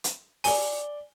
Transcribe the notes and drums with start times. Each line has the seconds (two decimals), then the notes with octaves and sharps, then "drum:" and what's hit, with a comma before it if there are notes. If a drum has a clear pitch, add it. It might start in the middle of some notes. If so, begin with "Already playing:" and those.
0.04 drum: hi-hat
0.44 D5 G#5 G7, drum: open hi-hat